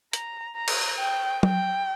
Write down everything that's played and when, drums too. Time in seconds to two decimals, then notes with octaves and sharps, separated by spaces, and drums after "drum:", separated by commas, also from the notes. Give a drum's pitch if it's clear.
0.13 A#5, drum: hi-hat
0.56 A#5
0.68 drum: cymbal
0.99 G5
1.43 G5, drum: tom F#3